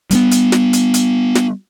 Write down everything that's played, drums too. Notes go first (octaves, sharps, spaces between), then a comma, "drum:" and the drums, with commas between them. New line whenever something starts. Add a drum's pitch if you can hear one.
G3 A#3 B3, drum: hi-hat
drum: hi-hat
drum: snare
drum: hi-hat
drum: hi-hat
drum: snare